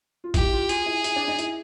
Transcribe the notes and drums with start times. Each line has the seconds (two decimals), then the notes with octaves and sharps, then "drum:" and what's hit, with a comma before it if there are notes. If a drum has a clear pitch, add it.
0.24 F4
0.34 E4 G4, drum: kick, hi-hat
0.52 F4
0.69 F4 G#4, drum: hi-hat
0.86 E4
1.04 E4, drum: hi-hat
1.16 D4
1.28 D#4
1.39 E4, drum: hi-hat